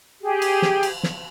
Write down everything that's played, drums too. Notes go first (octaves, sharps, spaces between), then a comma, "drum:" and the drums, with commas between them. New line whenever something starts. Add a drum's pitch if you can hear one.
G4 G#4
drum: cymbal
drum: snare
drum: cymbal
drum: snare